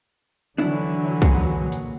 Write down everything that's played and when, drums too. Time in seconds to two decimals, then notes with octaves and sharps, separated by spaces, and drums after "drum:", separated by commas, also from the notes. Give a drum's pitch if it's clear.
0.58 D3 E3 F#3 D4 E4
1.22 A#2 F#4 G#4, drum: kick B1
1.72 drum: hi-hat